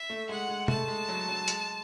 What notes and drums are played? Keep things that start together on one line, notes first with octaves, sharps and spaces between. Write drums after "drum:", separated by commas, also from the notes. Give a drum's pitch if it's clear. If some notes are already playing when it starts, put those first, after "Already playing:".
Already playing: E5
A3
G#3 F#5
G#3
A3 A5, drum: tom
G#3
F#3
F#3
G#3, drum: hi-hat